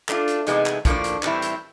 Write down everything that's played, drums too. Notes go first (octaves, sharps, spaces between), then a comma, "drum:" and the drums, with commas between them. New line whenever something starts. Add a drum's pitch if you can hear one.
A3 D4 F4, drum: clap
drum: hi-hat
C3 E3 G#3 B3 D#4, drum: hi-hat
drum: clap
A2 F3 A#3 D4, drum: kick, hi-hat
drum: hi-hat
A2 E3 G3 C4 E4, drum: clap
drum: hi-hat